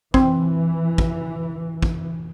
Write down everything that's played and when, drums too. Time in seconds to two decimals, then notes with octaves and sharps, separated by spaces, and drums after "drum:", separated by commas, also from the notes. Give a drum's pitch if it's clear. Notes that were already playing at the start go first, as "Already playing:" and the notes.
0.14 E3 C4, drum: kick
0.98 drum: kick
1.83 drum: kick